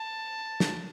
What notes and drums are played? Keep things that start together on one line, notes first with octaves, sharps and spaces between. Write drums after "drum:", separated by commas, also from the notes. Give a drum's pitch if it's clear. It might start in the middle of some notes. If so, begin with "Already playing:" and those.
Already playing: A5
drum: snare